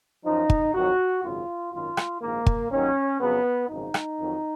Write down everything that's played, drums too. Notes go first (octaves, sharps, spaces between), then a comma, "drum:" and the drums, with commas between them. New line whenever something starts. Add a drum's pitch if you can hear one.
F#2 F3 D#4
drum: kick
F2 D#3 F#3 F#4
G#1 F#2 C#3 F#3 F4
G#1 F#2 D#3 F4
drum: rim click
A#1 G#2 D#3 A#3
drum: kick
D#2 D#3 F#3 C#4
F2 C#3 F#3 B3
G#1 F#2 C#3 F3 D#4
drum: rim click
F2 D#3 F#3